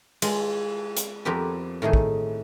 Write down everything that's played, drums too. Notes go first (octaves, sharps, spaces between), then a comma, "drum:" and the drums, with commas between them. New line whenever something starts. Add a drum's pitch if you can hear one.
G#3 F4, drum: cymbal
drum: hi-hat
F2 B3 C4 G4 A#4 B4
A2 D#3 A3 G#4
drum: kick